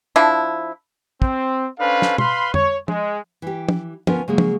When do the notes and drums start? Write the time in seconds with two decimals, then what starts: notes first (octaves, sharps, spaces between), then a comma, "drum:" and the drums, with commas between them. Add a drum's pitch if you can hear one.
0.16 F3 D4 E4
1.22 C4, drum: kick
1.79 C#4 D4 A4 B4 C5 F5
2.02 drum: snare
2.18 B4 F5 B5 C6, drum: tom
2.54 C#5, drum: tom F2
2.88 G#3, drum: tom
3.42 E3 G4
3.69 drum: tom
4.07 D2 B3 C#4 F4 A#4 G#5, drum: tom
4.28 C#3 F#3 G#3 A#3 G#4
4.38 drum: tom